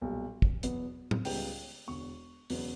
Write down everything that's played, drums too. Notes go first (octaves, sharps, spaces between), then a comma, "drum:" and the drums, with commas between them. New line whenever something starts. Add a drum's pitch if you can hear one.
B1 A#2 G3
drum: kick
E2 B2 F#3 B3, drum: hi-hat
drum: tom A2
C#2 C#3 G3 B3 G5, drum: open hi-hat
E1 E2 D3 C#6
E1 E2 C#3 F#3 B3, drum: open hi-hat